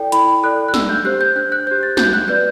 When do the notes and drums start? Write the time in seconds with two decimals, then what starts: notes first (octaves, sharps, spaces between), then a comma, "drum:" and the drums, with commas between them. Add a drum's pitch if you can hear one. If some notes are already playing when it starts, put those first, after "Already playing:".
Already playing: E4 A4 D5 G5
0.12 E4 B5, drum: hi-hat
0.43 A4 D5 F#6
0.68 F#6
0.74 D4 E6, drum: snare
0.89 G6
1.05 G4 C5 F#6
1.21 G6
1.36 D4 F#6
1.52 F#6
1.67 G4 C5 G6
1.83 A6
1.97 F#4 G6, drum: snare
2.13 F#6
2.28 B4 D5 G6